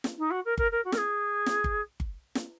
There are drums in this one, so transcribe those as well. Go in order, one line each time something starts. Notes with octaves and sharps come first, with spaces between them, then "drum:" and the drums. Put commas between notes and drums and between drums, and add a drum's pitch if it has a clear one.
drum: snare
D#4
F#4
A#4
A#4, drum: kick G1
A#4
F#4
A#4, drum: snare
G#4
drum: snare
drum: kick G1
drum: kick G1
drum: snare